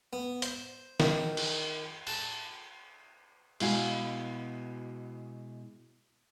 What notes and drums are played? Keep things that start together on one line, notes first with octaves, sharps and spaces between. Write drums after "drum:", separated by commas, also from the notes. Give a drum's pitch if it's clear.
B3
C5, drum: hi-hat
D#3, drum: snare
drum: cymbal
A5, drum: cymbal
B2 G#3 E4 F#4 F5 G#5, drum: cymbal